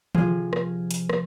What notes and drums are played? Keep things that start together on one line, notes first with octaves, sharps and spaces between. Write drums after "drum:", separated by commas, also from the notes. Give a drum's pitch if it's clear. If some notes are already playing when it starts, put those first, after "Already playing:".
C3 F3 F4 G#4, drum: tom D#3
drum: rim click
drum: hi-hat
drum: rim click